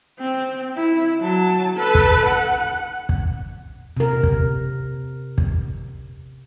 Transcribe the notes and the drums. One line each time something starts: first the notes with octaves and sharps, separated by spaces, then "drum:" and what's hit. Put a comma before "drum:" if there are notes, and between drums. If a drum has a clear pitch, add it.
C4
E4
F#3 A5
A4 B4
drum: kick
F#5
drum: kick
C3 A#4
drum: kick
drum: kick